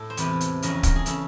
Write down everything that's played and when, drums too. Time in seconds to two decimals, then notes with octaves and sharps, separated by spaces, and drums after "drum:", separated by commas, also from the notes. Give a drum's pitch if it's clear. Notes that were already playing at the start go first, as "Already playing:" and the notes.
Already playing: A2 A4
0.10 C5
0.17 E2 C3 E3 B4, drum: hi-hat
0.41 drum: hi-hat
0.62 F2 C#3 E3 A#4, drum: hi-hat
0.83 A#4, drum: kick, hi-hat
0.96 G#4
1.06 C#3 E3 A4, drum: hi-hat